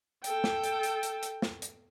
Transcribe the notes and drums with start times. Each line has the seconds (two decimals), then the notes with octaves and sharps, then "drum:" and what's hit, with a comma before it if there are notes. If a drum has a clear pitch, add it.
0.24 A4 G5, drum: hi-hat
0.44 drum: snare
0.64 drum: hi-hat
0.83 drum: hi-hat
1.03 drum: hi-hat
1.23 drum: hi-hat
1.42 drum: snare
1.62 drum: hi-hat